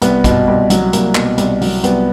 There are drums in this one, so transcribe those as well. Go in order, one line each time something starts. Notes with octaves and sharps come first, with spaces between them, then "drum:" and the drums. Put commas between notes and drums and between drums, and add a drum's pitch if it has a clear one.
C2 B3, drum: hi-hat
B2, drum: kick, hi-hat
C2
F#3, drum: hi-hat
C2 A#3, drum: hi-hat
B2, drum: clap
C2, drum: hi-hat
F#3, drum: open hi-hat
C2 B3, drum: hi-hat